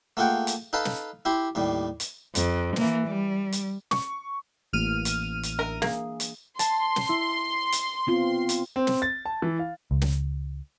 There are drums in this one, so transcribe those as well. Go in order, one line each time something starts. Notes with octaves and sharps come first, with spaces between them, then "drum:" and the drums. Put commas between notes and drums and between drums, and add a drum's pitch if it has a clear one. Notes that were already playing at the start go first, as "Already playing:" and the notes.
A3 A#3 F4 G#4 F#5 G5
drum: hi-hat
D#4 A4 B4 F5 A5
drum: snare
E4 G4 C6
D#2 A2 G3
drum: hi-hat
F2, drum: hi-hat
E3 A#3, drum: snare
G3
drum: hi-hat
C#6, drum: snare
A1 E3 A#3 F6 D#7
drum: hi-hat
drum: hi-hat
D4 A#4 E5
A#3 G#4, drum: snare
drum: hi-hat
A5 C6, drum: hi-hat
drum: snare
E4
drum: hi-hat
B3 C4 F4
drum: hi-hat
C4
drum: snare
A6
A5
E3
F5
C#2
drum: snare